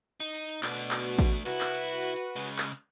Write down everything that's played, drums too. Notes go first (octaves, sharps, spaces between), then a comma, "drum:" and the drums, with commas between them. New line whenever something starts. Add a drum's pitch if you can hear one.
D#4, drum: hi-hat
drum: hi-hat
drum: hi-hat
B2 A3 D4, drum: clap
drum: hi-hat
drum: clap
drum: hi-hat
drum: kick A1, hi-hat
drum: hi-hat
C2 E4 F#4 B4, drum: hi-hat
drum: clap
drum: hi-hat
drum: hi-hat
drum: hi-hat
drum: hi-hat
C#3 G#3
drum: clap
drum: hi-hat